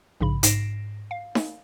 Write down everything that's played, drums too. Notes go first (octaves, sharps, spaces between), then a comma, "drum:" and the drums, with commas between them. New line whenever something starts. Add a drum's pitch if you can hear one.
A#1 G#2 C#3 B5
G#2 A#6 C7 D7 E7, drum: hi-hat
F5
drum: snare D#4